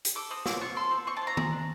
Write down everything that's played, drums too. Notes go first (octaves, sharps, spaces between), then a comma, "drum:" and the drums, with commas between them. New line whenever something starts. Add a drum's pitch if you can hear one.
drum: hi-hat
A4 D6
C4 D#6
C4 D6, drum: snare
F4 C#6
A4 C6
C4
C4 C#6
F4 A5
A#5
G#4, drum: tom D#3
D4